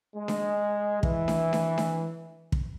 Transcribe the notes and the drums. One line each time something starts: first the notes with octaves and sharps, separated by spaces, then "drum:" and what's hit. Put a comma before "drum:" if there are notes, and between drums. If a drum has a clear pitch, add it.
G#3
drum: snare D4
E3, drum: kick
drum: snare D4
drum: snare D4
drum: snare D4
drum: kick